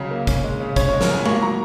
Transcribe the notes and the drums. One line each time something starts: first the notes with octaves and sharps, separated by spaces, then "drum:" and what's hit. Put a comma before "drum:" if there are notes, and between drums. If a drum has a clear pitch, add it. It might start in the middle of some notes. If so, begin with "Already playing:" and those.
Already playing: C#2 C#3 F#3
A#3
C#4, drum: kick, hi-hat
G#3
C#3
C#4 C#5, drum: kick, hi-hat
C#5
G#3
A#4, drum: snare
G#2 G#5
A#3 C#6, drum: tom G#3
F#3 A#5